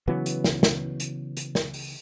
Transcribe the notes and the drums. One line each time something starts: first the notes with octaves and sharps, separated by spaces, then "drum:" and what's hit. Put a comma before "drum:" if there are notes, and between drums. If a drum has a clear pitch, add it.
C#3 E3 F#3 B3
drum: hi-hat
drum: snare
drum: snare
drum: hi-hat
drum: hi-hat
drum: snare
drum: open hi-hat